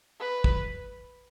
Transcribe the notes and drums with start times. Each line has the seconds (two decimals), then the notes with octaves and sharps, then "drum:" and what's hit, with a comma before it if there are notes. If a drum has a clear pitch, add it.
0.20 B4
0.44 drum: kick